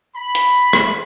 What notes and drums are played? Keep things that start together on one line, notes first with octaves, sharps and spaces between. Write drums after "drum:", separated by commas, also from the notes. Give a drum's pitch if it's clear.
B5
drum: hi-hat
drum: rim click